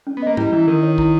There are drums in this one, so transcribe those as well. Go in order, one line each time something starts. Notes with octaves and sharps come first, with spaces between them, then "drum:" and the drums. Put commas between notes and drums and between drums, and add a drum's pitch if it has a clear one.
C#4
B3
A#3 D#5
G3 E4, drum: tom
E3 E4
D#3 A#4
C#5
E4, drum: kick